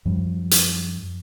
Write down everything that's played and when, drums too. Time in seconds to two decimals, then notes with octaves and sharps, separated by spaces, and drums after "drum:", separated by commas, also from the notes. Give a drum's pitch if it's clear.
0.05 F#2 F3 G3
0.51 drum: hi-hat